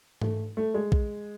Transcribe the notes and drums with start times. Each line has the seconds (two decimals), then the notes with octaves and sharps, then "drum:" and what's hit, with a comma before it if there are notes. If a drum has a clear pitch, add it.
0.22 A3, drum: tom G#2
0.57 A3
0.74 G#3
0.92 drum: kick A#1